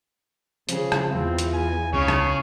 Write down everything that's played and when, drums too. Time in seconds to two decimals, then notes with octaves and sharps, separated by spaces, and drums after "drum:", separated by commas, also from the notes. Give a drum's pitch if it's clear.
0.69 C#3 F3 G#4, drum: hi-hat
0.92 drum: rim click
1.12 E2 C4 F4
1.38 drum: hi-hat
1.54 G#5
1.93 C#2 C#3 C#5
2.08 drum: rim click